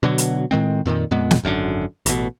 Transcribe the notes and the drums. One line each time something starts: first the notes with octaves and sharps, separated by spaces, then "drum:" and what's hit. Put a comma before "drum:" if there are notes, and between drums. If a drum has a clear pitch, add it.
B2 D3 F#3
drum: hi-hat
A2 D#3 G#3 C4
F2 A#2 D3 D#3
F2 A#2 G#3 B3
drum: snare
G#1 F#2 B2 D3
A1 B2, drum: hi-hat